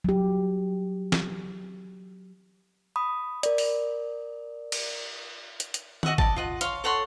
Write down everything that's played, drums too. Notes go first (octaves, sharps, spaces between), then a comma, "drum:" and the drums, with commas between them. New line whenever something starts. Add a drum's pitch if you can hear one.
F#3 G4
drum: snare
B5 D#6
A#4 D5, drum: hi-hat
drum: open hi-hat
drum: cymbal
drum: hi-hat
drum: hi-hat
F#4 D#5 E5 F#5, drum: tom D#3
D5 D#5 A5, drum: kick G1
F4 D#5 F#5
C#5 F5 C6, drum: hi-hat
A4 C#5 F#5 C6